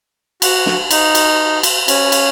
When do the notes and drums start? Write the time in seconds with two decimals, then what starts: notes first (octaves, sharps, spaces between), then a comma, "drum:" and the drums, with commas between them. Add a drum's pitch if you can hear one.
0.42 F#4, drum: cymbal
0.66 drum: snare
0.91 D#4, drum: cymbal
1.15 drum: cymbal
1.63 drum: cymbal
1.88 C#4, drum: cymbal
2.12 drum: cymbal